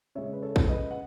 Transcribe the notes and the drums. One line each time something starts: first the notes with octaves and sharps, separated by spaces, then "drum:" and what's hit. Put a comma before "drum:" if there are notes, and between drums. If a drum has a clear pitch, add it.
C#3 G#3 C#5 E5
B4
A4 C#5
drum: kick
B4 D#5
F#5